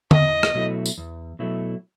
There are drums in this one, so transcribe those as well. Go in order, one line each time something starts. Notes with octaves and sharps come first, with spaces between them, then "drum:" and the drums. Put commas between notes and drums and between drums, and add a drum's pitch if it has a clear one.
E2 D#5, drum: tom D3
drum: rim click
B2 F#3 A3 E4
drum: tambourine
E2
B2 F#3 A3 E4